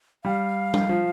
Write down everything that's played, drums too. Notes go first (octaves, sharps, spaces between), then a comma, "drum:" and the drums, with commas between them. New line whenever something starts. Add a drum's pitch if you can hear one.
G3 F5
drum: tom G3
F3